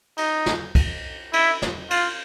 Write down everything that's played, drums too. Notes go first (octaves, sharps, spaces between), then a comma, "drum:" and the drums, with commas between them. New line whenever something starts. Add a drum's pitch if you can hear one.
D#4, drum: cymbal
drum: snare
drum: kick B1, cymbal
E4, drum: cymbal
drum: snare
F4, drum: cymbal